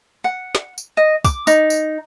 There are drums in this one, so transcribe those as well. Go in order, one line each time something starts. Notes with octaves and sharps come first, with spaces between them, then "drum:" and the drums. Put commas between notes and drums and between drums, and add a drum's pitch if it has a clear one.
F#5
drum: snare
drum: tambourine
D#5
D6, drum: kick, tambourine
D#4, drum: tambourine
drum: tambourine